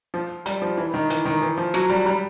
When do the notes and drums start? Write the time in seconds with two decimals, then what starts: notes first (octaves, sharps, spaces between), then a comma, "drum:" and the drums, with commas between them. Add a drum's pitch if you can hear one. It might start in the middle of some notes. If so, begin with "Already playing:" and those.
0.14 F3
0.46 G3, drum: hi-hat
0.62 F3
0.77 E3
0.94 D#3
1.10 E3, drum: hi-hat
1.26 D#3
1.42 E3
1.58 F3
1.74 F#3, drum: rim click
1.90 G3
2.06 G3